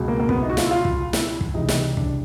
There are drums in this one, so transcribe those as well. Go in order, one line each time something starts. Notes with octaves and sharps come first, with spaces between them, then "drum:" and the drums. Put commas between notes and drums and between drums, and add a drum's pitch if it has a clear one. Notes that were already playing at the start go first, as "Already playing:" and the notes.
Already playing: C#2 B2
A#3
A#3
B3, drum: kick
D#4
F#4
F4, drum: snare
E4
F4
drum: kick
E4, drum: snare
drum: kick
C#2 C3 E3 D#4
drum: snare
D4, drum: kick